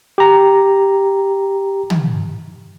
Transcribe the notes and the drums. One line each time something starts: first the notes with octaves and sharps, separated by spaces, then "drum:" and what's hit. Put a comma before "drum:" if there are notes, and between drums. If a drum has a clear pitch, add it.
G4 A#5
drum: tom